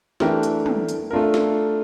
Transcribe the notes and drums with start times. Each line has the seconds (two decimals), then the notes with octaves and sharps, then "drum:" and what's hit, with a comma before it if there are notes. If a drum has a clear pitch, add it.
0.20 E3 A3 D4 G4 A#4, drum: snare
0.43 drum: hi-hat
0.66 drum: tom
0.88 drum: hi-hat
1.11 A3 D4 F4 A#4
1.34 drum: snare